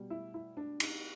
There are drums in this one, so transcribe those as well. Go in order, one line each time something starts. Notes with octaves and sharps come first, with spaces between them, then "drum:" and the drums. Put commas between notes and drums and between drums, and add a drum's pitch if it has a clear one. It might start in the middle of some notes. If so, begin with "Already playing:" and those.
Already playing: B2 G3
E4
E4
D4
D#4, drum: cymbal